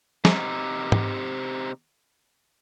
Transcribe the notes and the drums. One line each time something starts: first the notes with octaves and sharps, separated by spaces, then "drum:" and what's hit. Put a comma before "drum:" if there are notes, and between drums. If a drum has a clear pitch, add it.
C3 D#4, drum: snare
drum: tom